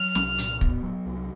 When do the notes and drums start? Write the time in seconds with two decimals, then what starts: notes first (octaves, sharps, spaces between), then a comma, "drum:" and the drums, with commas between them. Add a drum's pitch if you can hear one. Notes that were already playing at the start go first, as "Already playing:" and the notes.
Already playing: F#3 F6
0.15 C2, drum: snare
0.38 A#2, drum: hi-hat
0.61 B3, drum: kick
0.83 F#3
1.06 C2